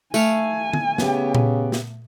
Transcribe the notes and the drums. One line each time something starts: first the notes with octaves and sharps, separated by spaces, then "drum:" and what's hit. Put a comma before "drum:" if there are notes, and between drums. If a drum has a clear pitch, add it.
A3 F5 G#5, drum: tambourine
drum: tom D3
C#3 B3 G4, drum: snare
drum: tom A#2
drum: snare